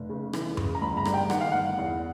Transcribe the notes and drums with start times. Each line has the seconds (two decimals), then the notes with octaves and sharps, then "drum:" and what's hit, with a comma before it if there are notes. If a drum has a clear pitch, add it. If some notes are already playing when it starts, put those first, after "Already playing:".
Already playing: F1
0.09 C#3
0.33 E3, drum: rim click
0.57 C#3, drum: tom F#2
0.75 A#5
0.81 G1 B5
0.97 A#5
1.05 G2, drum: rim click
1.14 G5
1.30 D#3 F#5, drum: rim click
1.41 F5
1.52 G1 F#5
1.78 E2